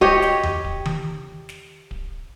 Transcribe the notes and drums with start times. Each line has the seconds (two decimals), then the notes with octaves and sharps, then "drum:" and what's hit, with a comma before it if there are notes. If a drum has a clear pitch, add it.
0.01 G4 C#5 D#5, drum: kick D1
0.22 drum: snare
0.43 drum: tom E2
0.64 drum: kick D1
0.85 drum: tom D#3
1.49 drum: snare
1.91 drum: kick D1